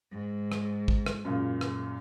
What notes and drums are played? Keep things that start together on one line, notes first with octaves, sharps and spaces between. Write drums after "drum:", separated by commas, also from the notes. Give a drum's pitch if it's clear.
G#2
drum: rim click
drum: kick
drum: rim click
F#2 A#2 C#3
drum: rim click